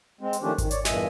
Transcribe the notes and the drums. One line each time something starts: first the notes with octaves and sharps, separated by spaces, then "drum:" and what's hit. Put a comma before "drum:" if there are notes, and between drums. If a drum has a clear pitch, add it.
G#3 C4
drum: hi-hat
D#3 F3 A3 C#4 D4 G4
D#3, drum: kick G#1, hi-hat
C#5 D5, drum: hi-hat
E2 G2 A#2 D#5 E5 G#5, drum: snare